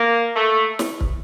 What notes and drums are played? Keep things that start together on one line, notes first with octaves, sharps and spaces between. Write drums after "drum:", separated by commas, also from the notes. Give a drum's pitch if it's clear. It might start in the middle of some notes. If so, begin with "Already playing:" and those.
Already playing: A#3
A3
drum: snare
drum: kick